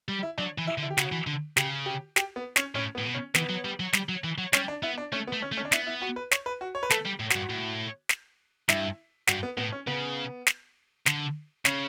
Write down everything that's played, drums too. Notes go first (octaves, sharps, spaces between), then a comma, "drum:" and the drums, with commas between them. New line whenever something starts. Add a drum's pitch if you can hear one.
G3
E4
F#3 D4
E3
E4
D3
E4
G4
C#3 F#4, drum: snare
E3
D3
C#3 G4, drum: snare
G4
G4, drum: snare
B3
C#4, drum: snare
A2 C#4
B3
A2
B2
C#4
E3 B3, drum: snare
F#3
G3
F#3
G3, drum: snare
F#3
E3
F#3
G3 C#4, drum: snare
D4
B3 E4
D4
A3 C#4
B3
A3
C#4
A3
C#4
D4
B3 E4, drum: snare
E4
F#4
B4
C#5, drum: snare
B4
F#4
C#5
B4
A3 A4, drum: snare
G3
A2
F#4, drum: snare
G2
A2
drum: snare
G2 E4, drum: snare
G2 F#4, drum: snare
B3
A2 B3
C#4
C#3 B3
drum: snare
D3, drum: snare
C#3 C#4, drum: snare